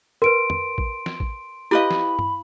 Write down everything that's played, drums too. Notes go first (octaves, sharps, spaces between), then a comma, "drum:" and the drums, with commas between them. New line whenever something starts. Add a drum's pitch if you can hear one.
A#4 B4 C6 D7
drum: tom
drum: kick A1
drum: snare
drum: kick A1
E4 G4 B4 D#5 F5 B5
drum: snare
drum: tom G2